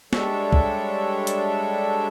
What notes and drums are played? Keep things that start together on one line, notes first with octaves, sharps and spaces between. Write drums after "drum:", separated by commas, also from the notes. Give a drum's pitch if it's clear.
G3 G#3 D4 A4 C#5 E5, drum: snare
drum: kick
drum: hi-hat